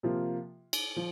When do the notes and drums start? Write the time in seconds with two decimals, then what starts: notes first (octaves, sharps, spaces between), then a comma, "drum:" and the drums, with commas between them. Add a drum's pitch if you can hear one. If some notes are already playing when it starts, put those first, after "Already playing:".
0.03 C3 F3 A#3 F4
0.73 drum: cymbal
0.96 F3